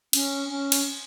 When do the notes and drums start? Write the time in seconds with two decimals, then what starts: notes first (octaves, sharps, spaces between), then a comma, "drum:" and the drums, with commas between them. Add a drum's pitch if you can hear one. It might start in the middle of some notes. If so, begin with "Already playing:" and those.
0.13 C#4, drum: cymbal
0.48 C#4
0.72 drum: cymbal